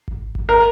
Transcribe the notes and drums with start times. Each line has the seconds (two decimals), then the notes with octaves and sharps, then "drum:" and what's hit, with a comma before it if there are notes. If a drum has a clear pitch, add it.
0.08 drum: kick G#1
0.35 drum: kick G#1
0.49 A#4